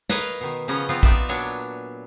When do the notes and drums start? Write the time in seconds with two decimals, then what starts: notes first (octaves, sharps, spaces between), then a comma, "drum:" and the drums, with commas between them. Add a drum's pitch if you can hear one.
0.09 A#4 B4 C#5 D#5 F5, drum: snare
0.41 B2 D#3
0.68 C#3 F3 B3 C#4 D#5
0.89 F3 B3 C4 F4
1.03 B3 D#4 F4 D5 E5, drum: kick
1.29 A#2 F#3 B3 D4 C#5